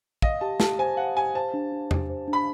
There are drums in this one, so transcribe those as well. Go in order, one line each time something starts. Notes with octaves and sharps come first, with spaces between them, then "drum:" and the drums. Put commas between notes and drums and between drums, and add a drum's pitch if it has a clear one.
D#5 F5, drum: kick
G4 A5
G4 A5, drum: snare
C5 G#5
F5 F#5
G4 G#5
C5 A5
D4
D4
G4, drum: tom E2
C5
D4
B5